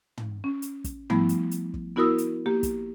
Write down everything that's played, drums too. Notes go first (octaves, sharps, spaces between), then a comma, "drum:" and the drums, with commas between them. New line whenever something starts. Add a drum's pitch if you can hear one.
drum: tom
C#4
drum: hi-hat
drum: kick, hi-hat
F3 G3 A3 B3 E4, drum: tom
drum: hi-hat
drum: hi-hat
drum: kick
B3 E4 F#4 A#4 D#6 E6
drum: hi-hat
A#3 G4
drum: kick, hi-hat